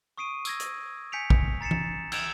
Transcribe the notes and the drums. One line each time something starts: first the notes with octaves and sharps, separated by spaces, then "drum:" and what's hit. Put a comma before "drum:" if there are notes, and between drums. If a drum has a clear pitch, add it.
C#6 D#6 C7 D7 D#7
E6 G#6 A#6, drum: tambourine
drum: hi-hat
G#5 G6 B6 C#7 D7 F7
drum: kick
A#5 A6 C7 C#7 E7
drum: tom E3
E6 G6 G#6 D7 E7 F7, drum: cymbal